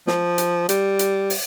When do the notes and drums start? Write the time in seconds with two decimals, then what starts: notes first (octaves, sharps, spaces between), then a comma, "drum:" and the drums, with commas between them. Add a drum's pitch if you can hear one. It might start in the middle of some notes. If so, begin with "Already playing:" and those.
0.07 F3, drum: snare
0.38 drum: hi-hat
0.69 G3, drum: hi-hat
0.99 drum: hi-hat
1.30 drum: open hi-hat